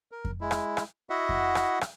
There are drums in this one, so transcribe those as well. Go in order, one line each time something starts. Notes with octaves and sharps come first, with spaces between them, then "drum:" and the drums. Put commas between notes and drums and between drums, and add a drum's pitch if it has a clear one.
A#4
drum: kick F2
G#3 E4
drum: rim click
drum: rim click
E4 F#4 D#5 E5 F#5
drum: kick F2
drum: rim click
drum: rim click